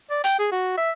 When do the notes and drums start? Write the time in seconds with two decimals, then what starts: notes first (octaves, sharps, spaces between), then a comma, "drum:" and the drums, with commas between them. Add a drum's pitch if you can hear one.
0.10 D5
0.24 G5, drum: hi-hat
0.39 G#4
0.51 F#4
0.77 E5